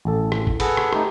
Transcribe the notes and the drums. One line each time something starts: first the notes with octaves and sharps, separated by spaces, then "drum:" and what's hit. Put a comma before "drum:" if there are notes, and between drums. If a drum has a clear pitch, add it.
A1 A4
drum: rim click
drum: kick
G#4 A4 B4 F#5, drum: cymbal
drum: rim click
A3 D#4 G4, drum: rim click